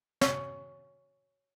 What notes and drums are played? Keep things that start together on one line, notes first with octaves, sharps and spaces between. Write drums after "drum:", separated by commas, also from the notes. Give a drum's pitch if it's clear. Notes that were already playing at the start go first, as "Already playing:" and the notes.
C#5, drum: snare